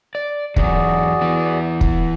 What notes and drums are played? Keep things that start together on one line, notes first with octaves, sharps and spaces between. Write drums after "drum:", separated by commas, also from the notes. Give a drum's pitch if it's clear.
D5
E2 F#3 F#4 G#4 D5, drum: kick
E3 B3
drum: kick